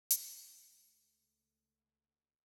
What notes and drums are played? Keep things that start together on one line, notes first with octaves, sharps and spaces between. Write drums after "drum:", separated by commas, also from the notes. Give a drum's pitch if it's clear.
C#2 A3, drum: hi-hat